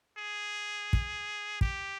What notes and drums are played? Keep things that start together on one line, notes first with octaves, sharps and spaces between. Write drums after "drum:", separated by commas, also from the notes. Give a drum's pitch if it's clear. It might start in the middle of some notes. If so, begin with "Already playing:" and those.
G#4
drum: kick
G4, drum: kick